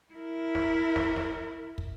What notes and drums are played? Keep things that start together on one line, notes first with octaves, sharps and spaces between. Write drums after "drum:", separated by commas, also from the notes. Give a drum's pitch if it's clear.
E4 A#4
drum: snare
drum: snare
drum: snare
drum: kick